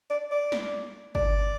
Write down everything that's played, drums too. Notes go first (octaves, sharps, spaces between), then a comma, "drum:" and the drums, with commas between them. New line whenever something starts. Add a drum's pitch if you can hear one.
D5
D5
drum: snare G3
D5, drum: kick